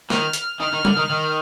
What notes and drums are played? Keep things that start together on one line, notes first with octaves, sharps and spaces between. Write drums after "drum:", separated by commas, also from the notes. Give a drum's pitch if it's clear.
D#3 F6, drum: snare
drum: hi-hat
D#3 F6
D#3
D3, drum: tom
D#3
D#3